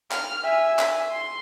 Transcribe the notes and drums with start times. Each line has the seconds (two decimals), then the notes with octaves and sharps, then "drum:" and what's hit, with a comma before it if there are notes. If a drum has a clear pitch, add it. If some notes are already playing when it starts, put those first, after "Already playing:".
0.11 F6, drum: clap
0.44 E5 G#5
0.79 drum: clap
1.11 C6